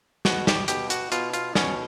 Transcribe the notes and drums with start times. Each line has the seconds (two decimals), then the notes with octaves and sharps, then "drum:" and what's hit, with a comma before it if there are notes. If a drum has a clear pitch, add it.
0.25 B2 F#4, drum: snare
0.47 G4, drum: snare
0.68 B2 G4, drum: hi-hat
0.90 F#4, drum: hi-hat
1.12 B2 F4, drum: hi-hat
1.34 F4, drum: hi-hat
1.55 B2 C#4, drum: snare